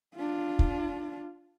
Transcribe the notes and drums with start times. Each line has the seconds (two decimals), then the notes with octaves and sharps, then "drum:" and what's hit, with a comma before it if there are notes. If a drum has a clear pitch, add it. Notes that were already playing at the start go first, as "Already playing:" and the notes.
0.16 D4 F4
0.59 drum: kick